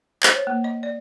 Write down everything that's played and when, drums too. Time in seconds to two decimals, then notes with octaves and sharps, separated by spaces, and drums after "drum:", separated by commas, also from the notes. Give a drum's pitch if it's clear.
0.23 C5, drum: clap
0.35 C#5
0.47 A#3
0.64 D#5
0.83 D5